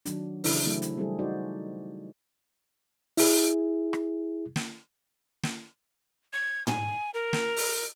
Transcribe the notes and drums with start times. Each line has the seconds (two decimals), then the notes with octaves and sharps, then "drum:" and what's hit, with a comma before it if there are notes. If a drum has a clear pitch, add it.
0.05 D#3 F#3 D4, drum: hi-hat
0.44 C#3 E3 D4 E4 A4 C5, drum: open hi-hat
0.66 E3 F#3 A3 C4 E4 G#4
0.82 drum: hi-hat
0.97 F#3 G3 C4 E4 G#4 A4
1.19 D#4 F#4 C5 D5
3.17 E4 G#4, drum: open hi-hat
3.93 drum: rim click
4.56 drum: snare
5.43 drum: snare
6.33 G#6
6.67 G#5, drum: tom
7.14 A#4
7.33 drum: snare
7.56 drum: open hi-hat